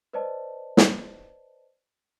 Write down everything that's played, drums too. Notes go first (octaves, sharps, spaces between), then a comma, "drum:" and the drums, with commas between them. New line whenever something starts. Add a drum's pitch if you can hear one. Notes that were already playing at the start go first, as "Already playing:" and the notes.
B4 C5 D5 D#5 A5
drum: snare